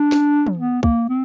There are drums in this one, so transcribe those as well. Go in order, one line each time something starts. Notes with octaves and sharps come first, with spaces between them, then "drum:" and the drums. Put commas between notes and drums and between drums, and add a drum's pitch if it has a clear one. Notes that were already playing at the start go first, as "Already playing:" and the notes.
Already playing: D4
drum: snare
drum: tom
B3
A#3, drum: kick
C4